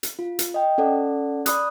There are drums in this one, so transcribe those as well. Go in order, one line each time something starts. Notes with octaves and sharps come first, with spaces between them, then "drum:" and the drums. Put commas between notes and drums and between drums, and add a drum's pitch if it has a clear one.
drum: hi-hat
F4
drum: hi-hat
D#5 G5
C#4 A4 D5 F#5
D5 B5 D#6 F#6, drum: hi-hat